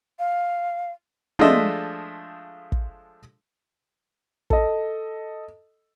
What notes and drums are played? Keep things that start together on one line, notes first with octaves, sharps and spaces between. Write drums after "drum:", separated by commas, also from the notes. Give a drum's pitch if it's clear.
F5
F3 G#3 A3 D4 D#5 E5, drum: tom
drum: kick
A4 D#5, drum: kick